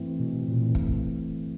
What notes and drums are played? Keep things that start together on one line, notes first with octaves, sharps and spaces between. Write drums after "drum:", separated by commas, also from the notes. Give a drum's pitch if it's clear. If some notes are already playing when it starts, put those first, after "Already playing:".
Already playing: G2 E3 A3 C4 E4
G2 B2
A#2
E3 A3 C4 E4
drum: kick